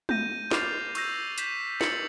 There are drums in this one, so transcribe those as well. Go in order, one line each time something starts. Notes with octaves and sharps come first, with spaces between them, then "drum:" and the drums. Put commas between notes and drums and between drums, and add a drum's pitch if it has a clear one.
G6 A#6 D#7, drum: tom G#3
D6 F6 A6 C7 F7, drum: snare
C#6 E6 G6 A#6, drum: cymbal
G6 B6 E7, drum: hi-hat
A6 C#7 F#7, drum: snare